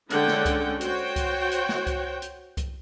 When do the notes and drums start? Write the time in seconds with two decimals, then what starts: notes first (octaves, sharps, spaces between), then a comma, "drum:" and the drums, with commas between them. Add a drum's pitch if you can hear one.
0.10 D3 G#3 C#4 F#5 G5, drum: hi-hat
0.28 drum: snare
0.45 drum: kick C2, hi-hat
0.81 F#4 C5 C#5 G5, drum: hi-hat
1.16 drum: kick C2, hi-hat
1.51 drum: hi-hat
1.69 drum: snare
1.87 drum: kick C2, hi-hat
2.22 drum: hi-hat
2.57 drum: kick C2, hi-hat